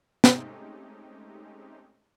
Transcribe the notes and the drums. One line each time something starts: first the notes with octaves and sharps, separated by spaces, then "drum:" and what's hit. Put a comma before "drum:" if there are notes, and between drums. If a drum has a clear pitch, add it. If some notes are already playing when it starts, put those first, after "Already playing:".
G#3 A3 C4 C#4 D#4 G4, drum: snare